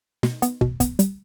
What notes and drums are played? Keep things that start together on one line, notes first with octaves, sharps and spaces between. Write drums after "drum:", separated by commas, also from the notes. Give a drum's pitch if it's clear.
B2, drum: snare
B3, drum: hi-hat
B2, drum: kick
B3, drum: kick, hi-hat
G3, drum: hi-hat